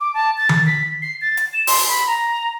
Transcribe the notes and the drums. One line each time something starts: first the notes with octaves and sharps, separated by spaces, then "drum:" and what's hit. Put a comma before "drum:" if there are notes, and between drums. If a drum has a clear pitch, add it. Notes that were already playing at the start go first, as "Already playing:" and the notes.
D6
A5
A6
drum: tom D#3
B6
C7
A6
drum: hi-hat
E7
C6, drum: open hi-hat
B5
A#5